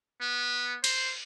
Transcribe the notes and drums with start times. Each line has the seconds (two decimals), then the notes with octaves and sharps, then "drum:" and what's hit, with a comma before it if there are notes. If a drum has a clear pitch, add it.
0.21 B3
0.84 C5, drum: cymbal